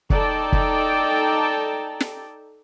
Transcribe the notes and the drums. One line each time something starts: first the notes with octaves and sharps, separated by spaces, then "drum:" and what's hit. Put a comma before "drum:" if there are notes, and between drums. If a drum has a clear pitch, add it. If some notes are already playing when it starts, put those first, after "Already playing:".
D#4 A4 D5 G5 A5 A#5, drum: kick
drum: kick
drum: snare